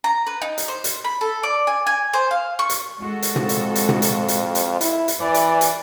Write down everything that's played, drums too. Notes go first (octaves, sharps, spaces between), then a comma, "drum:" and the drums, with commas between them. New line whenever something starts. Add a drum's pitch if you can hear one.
A#5
B4
D#4
drum: hi-hat
C5
drum: hi-hat
B5
A4
D5
G#5
G#5
C5
F5
C#6
drum: hi-hat
G#3 F#4 A4
drum: hi-hat
F2, drum: tom
drum: hi-hat
drum: hi-hat
drum: tom
drum: hi-hat
drum: hi-hat
drum: hi-hat
E4, drum: hi-hat
drum: hi-hat
E3 D5
drum: hi-hat
drum: hi-hat